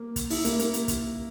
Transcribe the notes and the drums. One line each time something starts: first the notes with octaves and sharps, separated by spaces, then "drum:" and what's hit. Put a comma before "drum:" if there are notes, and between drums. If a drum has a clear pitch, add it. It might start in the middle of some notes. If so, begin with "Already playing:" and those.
Already playing: A#3
drum: kick, hi-hat
E4, drum: open hi-hat
A#3, drum: hi-hat
A#3, drum: hi-hat
drum: hi-hat
drum: kick, hi-hat